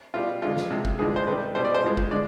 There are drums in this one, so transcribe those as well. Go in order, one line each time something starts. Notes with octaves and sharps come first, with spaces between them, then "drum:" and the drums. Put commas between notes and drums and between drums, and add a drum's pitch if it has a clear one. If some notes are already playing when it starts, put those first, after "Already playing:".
B2 G3 F4
F2 D3 G#3 F4
drum: snare
C3 F3 G#3
drum: kick G1
G2 D3 F3 G#3 G#4
C5
C3 D#3 G3 B4
B2 G3 C5
D5
C5
G2 F3 G#3
drum: kick G1
D3 G#3 D5